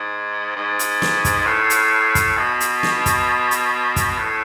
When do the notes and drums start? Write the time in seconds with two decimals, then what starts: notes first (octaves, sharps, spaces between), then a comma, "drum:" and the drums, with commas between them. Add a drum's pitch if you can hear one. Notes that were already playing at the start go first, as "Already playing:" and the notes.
Already playing: G#2
0.56 G#2
0.79 drum: hi-hat
1.02 drum: snare
1.25 drum: kick, hi-hat
1.47 A2
1.70 drum: hi-hat
2.15 drum: kick, hi-hat
2.37 B2
2.60 drum: hi-hat
2.83 drum: snare
3.06 drum: kick, hi-hat
3.51 drum: hi-hat
3.96 drum: kick, hi-hat
4.18 A2